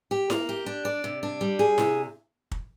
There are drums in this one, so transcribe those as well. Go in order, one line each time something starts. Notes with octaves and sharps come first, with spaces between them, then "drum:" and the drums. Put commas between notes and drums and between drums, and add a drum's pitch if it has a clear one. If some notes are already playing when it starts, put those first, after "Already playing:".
G4
A#3, drum: snare E4
G4
D4
D5
C3
D4
G3
G#4
C3, drum: snare E4
drum: kick